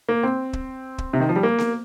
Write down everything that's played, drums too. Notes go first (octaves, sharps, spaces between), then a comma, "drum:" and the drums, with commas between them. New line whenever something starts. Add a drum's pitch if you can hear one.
A#3
C4
drum: kick
drum: kick
C3
D#3
F3
G3
A#3
drum: snare B3